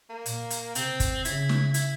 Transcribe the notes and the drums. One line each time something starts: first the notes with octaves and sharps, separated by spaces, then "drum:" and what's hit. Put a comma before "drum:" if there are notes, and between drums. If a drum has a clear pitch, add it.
A#3
A#2, drum: hi-hat
drum: hi-hat
C3 C4, drum: hi-hat
drum: kick, hi-hat
C#3 E4, drum: hi-hat
drum: snare
E4, drum: hi-hat